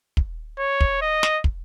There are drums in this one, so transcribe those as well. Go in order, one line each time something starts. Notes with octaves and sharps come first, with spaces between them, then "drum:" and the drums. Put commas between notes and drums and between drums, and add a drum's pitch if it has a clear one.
drum: kick
C#5
drum: kick
D#5
drum: snare
drum: kick